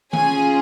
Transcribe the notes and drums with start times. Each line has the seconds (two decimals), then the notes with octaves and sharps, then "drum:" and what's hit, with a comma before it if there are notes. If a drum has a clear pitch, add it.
0.13 C#4 F4 G#4 G#5, drum: tom D#3